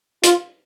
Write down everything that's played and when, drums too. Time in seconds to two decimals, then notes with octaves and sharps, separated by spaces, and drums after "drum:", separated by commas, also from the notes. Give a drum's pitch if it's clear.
0.24 F4, drum: hi-hat